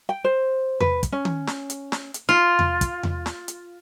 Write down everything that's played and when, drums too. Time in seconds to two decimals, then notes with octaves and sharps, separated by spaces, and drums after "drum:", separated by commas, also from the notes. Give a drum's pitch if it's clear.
0.09 G5
0.24 C5
0.80 B4, drum: tom E2
1.03 drum: kick, hi-hat
1.12 C#4
1.25 drum: tom D#3
1.47 drum: snare
1.70 drum: hi-hat
1.92 drum: snare
2.14 drum: hi-hat
2.29 F4
2.59 drum: tom E2
2.81 drum: kick, hi-hat
3.03 drum: tom E2
3.26 drum: snare
3.48 drum: hi-hat